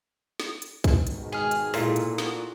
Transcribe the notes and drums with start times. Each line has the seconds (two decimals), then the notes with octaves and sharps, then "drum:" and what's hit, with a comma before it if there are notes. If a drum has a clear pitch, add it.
0.40 drum: snare
0.62 drum: hi-hat
0.84 drum: kick, hi-hat
0.93 G#2 B2 D#3
1.07 drum: hi-hat
1.32 G#4 G#5 F6
1.51 drum: hi-hat
1.74 A#2 E4 F4 G#4 A4, drum: open hi-hat
1.96 drum: hi-hat
2.06 D4 F#4
2.18 drum: snare